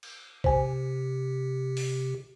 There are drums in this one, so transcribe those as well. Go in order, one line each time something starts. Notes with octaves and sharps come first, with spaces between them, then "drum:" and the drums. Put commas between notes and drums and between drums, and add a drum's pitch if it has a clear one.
drum: cymbal
C3 G4 C5 G#5, drum: kick
drum: open hi-hat